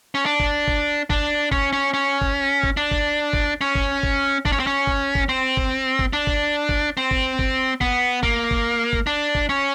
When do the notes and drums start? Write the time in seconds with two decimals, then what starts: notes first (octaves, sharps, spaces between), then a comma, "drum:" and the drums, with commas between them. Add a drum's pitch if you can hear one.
0.15 C#4
0.26 D4
0.40 drum: kick
0.68 drum: kick
1.10 D4, drum: kick
1.52 C#4, drum: kick
1.73 C#4
1.94 C#4
2.21 drum: kick
2.63 drum: kick
2.77 D4
2.91 drum: kick
3.33 drum: kick
3.61 C#4
3.75 drum: kick
4.03 drum: kick
4.45 D4, drum: kick
4.52 C#4
4.60 C4
4.67 C#4
4.87 drum: kick
5.15 drum: kick
5.29 C4
5.57 drum: kick
5.99 drum: kick
6.13 D4
6.27 drum: kick
6.69 drum: kick
6.97 C4
7.11 drum: kick
7.39 drum: kick
7.81 B3, drum: kick
8.23 A#3, drum: kick
8.51 drum: kick
8.93 drum: kick
9.07 D4
9.35 drum: kick
9.49 C#4